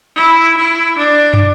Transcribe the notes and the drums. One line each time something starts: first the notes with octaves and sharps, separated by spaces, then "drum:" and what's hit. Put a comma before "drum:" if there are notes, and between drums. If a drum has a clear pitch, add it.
E4
E4
D4
drum: tom